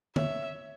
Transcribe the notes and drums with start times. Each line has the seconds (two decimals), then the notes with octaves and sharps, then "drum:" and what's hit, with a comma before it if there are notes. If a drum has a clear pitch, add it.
0.16 C#5 E5, drum: tom D3